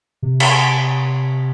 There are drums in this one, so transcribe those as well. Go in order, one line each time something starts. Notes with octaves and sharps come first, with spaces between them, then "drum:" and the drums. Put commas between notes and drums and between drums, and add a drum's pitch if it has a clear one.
C3
drum: cymbal